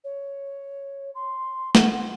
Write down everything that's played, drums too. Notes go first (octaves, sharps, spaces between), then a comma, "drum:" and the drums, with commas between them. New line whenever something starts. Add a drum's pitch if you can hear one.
C#5
C6
F#5, drum: snare